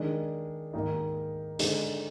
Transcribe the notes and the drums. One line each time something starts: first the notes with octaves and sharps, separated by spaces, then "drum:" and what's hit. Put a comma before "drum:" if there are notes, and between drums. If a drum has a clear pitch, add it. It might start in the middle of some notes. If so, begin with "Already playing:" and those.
Already playing: D#3 G#3 D4
G#2 D#3 A#3 D#4
D3 G#3 D#4, drum: hi-hat